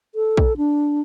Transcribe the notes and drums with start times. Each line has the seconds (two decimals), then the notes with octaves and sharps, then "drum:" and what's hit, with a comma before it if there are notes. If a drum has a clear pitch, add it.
0.15 A4
0.37 drum: kick A#1
0.57 D4